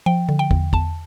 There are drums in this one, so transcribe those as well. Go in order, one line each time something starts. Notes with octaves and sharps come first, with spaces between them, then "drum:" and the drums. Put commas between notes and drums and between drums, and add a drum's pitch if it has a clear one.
F3 G5
D3
G5
E2, drum: kick
E2 A5, drum: kick